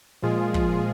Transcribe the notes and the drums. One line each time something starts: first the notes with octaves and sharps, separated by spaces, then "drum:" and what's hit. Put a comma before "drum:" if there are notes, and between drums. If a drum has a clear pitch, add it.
A#2 F3 G#3 F4 G#4
A#2 F3 G#3 F4 G#4, drum: kick